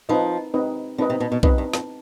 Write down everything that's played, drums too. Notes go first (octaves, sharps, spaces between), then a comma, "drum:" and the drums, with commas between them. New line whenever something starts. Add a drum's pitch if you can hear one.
F3 C4 D#4 B4 D#5
C4 D#4 B4 D#5
D3 C4 D#4 B4 D#5
C3
B2
B2
G2 C4 D#4 B4 D#5, drum: kick B1
G2
F2, drum: snare